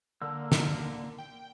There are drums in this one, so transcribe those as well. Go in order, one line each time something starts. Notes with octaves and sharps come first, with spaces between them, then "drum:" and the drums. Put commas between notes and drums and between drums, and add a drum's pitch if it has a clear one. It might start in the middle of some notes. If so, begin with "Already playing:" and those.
D3 A#3 E6
drum: snare
G5